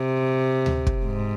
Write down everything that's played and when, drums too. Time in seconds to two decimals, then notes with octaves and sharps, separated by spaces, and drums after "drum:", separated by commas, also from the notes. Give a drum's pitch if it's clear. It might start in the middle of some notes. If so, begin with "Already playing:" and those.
Already playing: C3
0.66 drum: tom D2
0.87 drum: kick
1.05 G#2